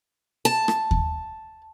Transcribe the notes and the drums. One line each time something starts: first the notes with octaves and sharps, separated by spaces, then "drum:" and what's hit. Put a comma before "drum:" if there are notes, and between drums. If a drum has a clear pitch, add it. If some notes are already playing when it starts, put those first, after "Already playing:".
A5
drum: rim click
drum: kick D#2